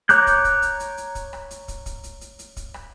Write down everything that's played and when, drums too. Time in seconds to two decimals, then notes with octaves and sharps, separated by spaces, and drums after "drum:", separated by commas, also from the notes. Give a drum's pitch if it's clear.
0.09 C#5 A#5 D6 F#6 G6, drum: hi-hat
0.27 drum: kick, hi-hat
0.45 drum: kick, hi-hat
0.62 drum: hi-hat
0.80 drum: hi-hat
0.98 drum: hi-hat
1.15 drum: kick, hi-hat
1.33 drum: rim click
1.51 drum: hi-hat
1.68 drum: kick, hi-hat
1.86 drum: kick, hi-hat
2.04 drum: hi-hat
2.21 drum: hi-hat
2.39 drum: hi-hat
2.57 drum: kick, hi-hat
2.74 drum: rim click